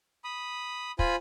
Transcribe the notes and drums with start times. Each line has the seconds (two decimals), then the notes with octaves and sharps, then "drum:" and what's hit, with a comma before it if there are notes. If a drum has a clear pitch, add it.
0.24 B5 D#6
0.99 F4 C5 G#5 B5, drum: kick